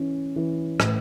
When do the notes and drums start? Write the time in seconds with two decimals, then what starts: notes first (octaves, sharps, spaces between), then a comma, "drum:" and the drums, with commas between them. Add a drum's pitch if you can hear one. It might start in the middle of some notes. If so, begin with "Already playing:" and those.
Already playing: E3 C#4
0.36 E3
0.80 A2, drum: rim click